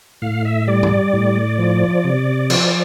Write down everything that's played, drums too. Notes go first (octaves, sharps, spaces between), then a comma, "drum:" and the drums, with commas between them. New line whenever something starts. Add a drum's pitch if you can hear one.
A2 F5
E5
G3 D5
drum: tom G#2
A2
F3
C3
F3, drum: cymbal